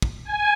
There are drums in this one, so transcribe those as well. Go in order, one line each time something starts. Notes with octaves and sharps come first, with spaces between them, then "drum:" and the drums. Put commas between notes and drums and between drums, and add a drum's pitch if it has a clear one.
drum: kick
G#5